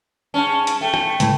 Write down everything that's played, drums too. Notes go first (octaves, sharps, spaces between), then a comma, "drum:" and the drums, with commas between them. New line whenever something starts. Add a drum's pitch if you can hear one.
G2 C#4 A5
drum: hi-hat
A3 G5
drum: rim click
C#2 A2, drum: hi-hat